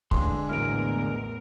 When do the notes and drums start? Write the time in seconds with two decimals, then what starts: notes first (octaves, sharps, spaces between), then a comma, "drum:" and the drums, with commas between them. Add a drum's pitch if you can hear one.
0.11 A1 F2 D3 E3 G#3 C6, drum: kick
0.49 A#1 E2 A2 F#3 E4 A#4 F6 D7